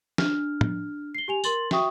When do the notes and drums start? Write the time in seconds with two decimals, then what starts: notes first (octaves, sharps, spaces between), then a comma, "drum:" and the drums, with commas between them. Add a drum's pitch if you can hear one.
0.18 D4 F6, drum: snare
0.61 drum: tom
1.15 C7 G7
1.28 G4 G#5 F7
1.44 A#4 C6 A6 F#7, drum: tambourine
1.71 F#4 E5 G5 C#6 D#6, drum: snare